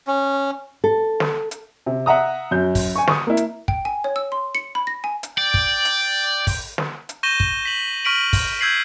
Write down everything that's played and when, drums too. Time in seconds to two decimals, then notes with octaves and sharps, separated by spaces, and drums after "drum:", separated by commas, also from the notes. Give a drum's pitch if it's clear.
0.07 C#4
0.84 A4
1.20 drum: snare
1.51 drum: hi-hat
1.86 C3
2.06 E5 F#5 A#5 D#6
2.51 F#2 G6
2.75 drum: kick, open hi-hat
2.96 G#5 C#6
3.07 C#6 D#6, drum: snare
3.27 A#3 E4
3.37 drum: hi-hat
3.68 G5, drum: kick
3.85 G#5
4.04 C#5
4.16 E6
4.32 C6
4.55 C#7
4.75 B5
4.87 A#6
5.04 G#5
5.23 drum: hi-hat
5.38 D5 G5
5.54 drum: kick
5.85 drum: hi-hat
6.47 drum: kick, open hi-hat
6.78 drum: snare
7.09 drum: hi-hat
7.23 C#6 G6 A#6 D#7 E7 G7
7.40 drum: kick
7.65 B6 F#7
8.05 C#6 F6 B6 D7 D#7 F#7
8.33 drum: kick, open hi-hat
8.60 E6 G6 G#6 B6 C7 F#7